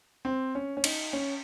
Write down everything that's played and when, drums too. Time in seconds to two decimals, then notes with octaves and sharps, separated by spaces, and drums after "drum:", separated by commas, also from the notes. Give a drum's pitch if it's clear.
0.25 C4
0.55 C#4
0.77 C#4
0.84 D#4, drum: cymbal
1.13 C#4